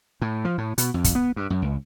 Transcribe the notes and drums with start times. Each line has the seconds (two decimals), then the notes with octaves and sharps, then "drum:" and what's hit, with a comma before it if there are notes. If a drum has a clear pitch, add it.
0.21 A2
0.45 F3
0.58 A2
0.78 B2, drum: hi-hat
0.94 F2
1.04 drum: kick, hi-hat
1.15 B3
1.36 G2
1.50 F#2
1.62 C#2